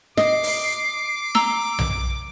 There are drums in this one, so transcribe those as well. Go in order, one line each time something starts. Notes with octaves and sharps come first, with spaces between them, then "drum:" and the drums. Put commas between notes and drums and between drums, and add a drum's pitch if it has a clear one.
D#5 D6 C7, drum: snare
drum: open hi-hat
A#5 E6 G7, drum: snare
drum: tom B1